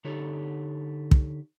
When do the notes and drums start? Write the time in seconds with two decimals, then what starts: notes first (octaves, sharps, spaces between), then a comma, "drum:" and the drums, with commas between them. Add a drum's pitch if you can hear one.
0.05 D3 D#4 G4 A4 C#5
1.11 drum: kick